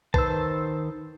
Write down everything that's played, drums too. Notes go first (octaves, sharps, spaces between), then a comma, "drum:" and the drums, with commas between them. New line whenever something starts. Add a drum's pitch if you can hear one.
D#3 B4 C5 A5 E6, drum: kick